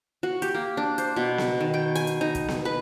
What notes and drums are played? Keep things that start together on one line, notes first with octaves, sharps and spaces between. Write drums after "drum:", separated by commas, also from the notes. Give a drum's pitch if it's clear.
F#4
G4, drum: hi-hat
A#3
D4
C5, drum: hi-hat
B2
drum: snare B3
D#3
G5
G#5, drum: hi-hat
drum: hi-hat
D#4
drum: kick, hi-hat
drum: snare B3
B4